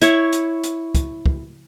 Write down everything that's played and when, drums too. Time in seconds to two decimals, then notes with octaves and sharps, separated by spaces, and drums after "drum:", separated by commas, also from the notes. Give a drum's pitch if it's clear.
0.02 E4 C#5, drum: hi-hat
0.33 drum: hi-hat
0.64 drum: hi-hat
0.95 drum: kick, hi-hat
1.26 drum: kick